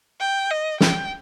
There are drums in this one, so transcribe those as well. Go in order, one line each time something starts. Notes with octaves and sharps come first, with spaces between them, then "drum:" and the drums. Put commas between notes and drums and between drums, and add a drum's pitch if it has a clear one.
G5
D#5
G5, drum: snare